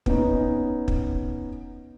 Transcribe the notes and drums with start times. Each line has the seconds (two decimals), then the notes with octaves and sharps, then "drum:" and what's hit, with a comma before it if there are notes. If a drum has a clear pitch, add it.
0.06 B3 C#4 D#4, drum: kick
0.88 drum: kick